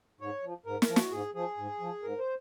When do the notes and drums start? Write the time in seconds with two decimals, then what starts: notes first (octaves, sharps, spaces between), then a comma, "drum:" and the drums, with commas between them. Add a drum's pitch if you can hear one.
0.20 G#2 C#5
0.43 F3
0.66 G#2 A#4
0.82 A#4, drum: snare
0.89 F3
0.96 F#4, drum: snare
1.12 G#2 G#4
1.34 F3 G#4
1.57 G#2
1.80 F3
2.03 G#2 A#4
2.19 C5